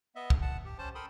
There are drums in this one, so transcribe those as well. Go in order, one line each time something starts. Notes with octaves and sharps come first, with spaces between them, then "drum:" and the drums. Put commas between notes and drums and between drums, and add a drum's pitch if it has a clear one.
B3 D#5 E5
drum: kick
F#5 A5
G4
C#4 C5 A5
A4 A#4 G5 B5 C6 D#6